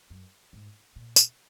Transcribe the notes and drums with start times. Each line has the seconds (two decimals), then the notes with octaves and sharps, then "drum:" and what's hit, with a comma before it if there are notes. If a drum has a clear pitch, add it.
0.10 F#2
0.53 G#2
0.96 A#2
1.16 drum: tambourine